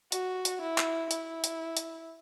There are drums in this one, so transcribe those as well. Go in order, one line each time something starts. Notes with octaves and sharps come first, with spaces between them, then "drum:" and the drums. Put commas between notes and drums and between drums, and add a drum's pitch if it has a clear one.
F#4, drum: hi-hat
drum: hi-hat
E4
drum: clap
E4, drum: hi-hat
drum: hi-hat
drum: hi-hat